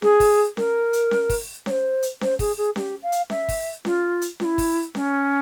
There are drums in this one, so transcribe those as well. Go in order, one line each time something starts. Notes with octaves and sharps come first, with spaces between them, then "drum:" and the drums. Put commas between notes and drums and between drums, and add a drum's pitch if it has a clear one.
G#4, drum: snare C#4
drum: kick, open hi-hat
A#4, drum: snare C#4
drum: hi-hat
drum: snare C#4
drum: kick, open hi-hat
C#5, drum: snare C#4
C5
drum: hi-hat
C5, drum: snare C#4
G#4, drum: kick, open hi-hat
G#4
G4, drum: snare C#4
F5
drum: hi-hat
E5, drum: snare C#4
drum: kick, open hi-hat
F4, drum: snare C#4
drum: hi-hat
F4, drum: snare C#4
E4
drum: kick, open hi-hat
C#4, drum: snare C#4